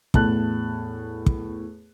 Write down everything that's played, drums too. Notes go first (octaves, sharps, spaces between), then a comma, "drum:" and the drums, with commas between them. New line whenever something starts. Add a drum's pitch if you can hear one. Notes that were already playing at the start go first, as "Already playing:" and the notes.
E2 A2 A5 F#6, drum: kick
drum: kick